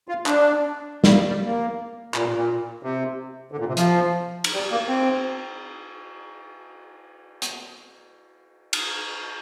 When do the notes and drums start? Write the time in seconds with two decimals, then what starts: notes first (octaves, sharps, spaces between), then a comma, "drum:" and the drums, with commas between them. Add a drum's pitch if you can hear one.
0.08 F4
0.26 D4, drum: clap
1.04 G3, drum: snare
1.11 A#3
1.28 G3
1.46 A#3
2.14 A#2, drum: clap
2.35 A#2
2.83 C3
3.52 D3
3.60 A#2
3.68 C3
3.77 F3, drum: hi-hat
4.44 drum: cymbal
4.54 G3
4.71 A#3
4.88 C4
7.42 drum: hi-hat
8.73 drum: cymbal